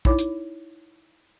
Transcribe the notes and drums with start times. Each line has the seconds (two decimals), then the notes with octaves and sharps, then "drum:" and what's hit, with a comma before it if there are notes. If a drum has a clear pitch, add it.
0.05 D#4 E4 C#5 D6, drum: kick
0.19 drum: hi-hat